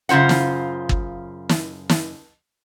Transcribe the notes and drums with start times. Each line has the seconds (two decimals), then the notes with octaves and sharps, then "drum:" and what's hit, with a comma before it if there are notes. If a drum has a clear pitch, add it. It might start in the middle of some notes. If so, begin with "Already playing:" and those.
0.09 F#2 C#3 F4 C5 F#5
0.29 drum: snare
0.89 drum: kick G1
1.49 drum: snare
1.89 drum: snare